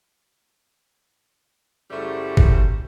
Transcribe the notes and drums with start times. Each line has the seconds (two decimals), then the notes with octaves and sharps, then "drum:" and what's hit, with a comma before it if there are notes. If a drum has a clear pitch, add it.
1.91 F#2 A2 C#3 G3 A3 C5
2.37 drum: kick G1